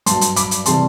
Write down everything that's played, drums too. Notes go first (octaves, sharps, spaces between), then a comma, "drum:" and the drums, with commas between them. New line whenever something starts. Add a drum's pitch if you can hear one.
G2 F#3 A5 C6, drum: hi-hat
drum: hi-hat
B5 D6, drum: hi-hat
drum: hi-hat
C3 E3 G3 A5 C6, drum: hi-hat